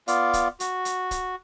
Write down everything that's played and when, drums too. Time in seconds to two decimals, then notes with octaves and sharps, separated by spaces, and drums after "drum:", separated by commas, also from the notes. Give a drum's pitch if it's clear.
0.08 B3 F4 D5 F5, drum: hi-hat
0.33 drum: kick, hi-hat
0.60 F#4, drum: hi-hat
0.85 drum: hi-hat
1.11 drum: kick, hi-hat